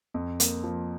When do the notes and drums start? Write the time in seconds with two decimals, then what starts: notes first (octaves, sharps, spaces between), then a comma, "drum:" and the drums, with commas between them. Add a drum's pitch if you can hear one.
0.14 F2
0.40 A#3, drum: hi-hat
0.64 F3